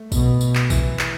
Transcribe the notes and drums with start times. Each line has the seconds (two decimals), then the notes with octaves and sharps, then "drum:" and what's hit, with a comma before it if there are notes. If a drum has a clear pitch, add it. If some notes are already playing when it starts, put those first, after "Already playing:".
Already playing: A3
0.12 B2, drum: kick A1, tambourine
0.41 drum: tambourine
0.55 drum: clap
0.70 E3, drum: kick A1, tambourine
0.99 drum: clap